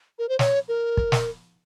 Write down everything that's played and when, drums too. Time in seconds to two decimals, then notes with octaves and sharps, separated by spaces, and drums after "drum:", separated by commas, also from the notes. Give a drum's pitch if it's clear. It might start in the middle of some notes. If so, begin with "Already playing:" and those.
0.19 A#4
0.29 C5
0.39 C#5, drum: snare
0.68 A#4
0.97 drum: kick
1.12 drum: snare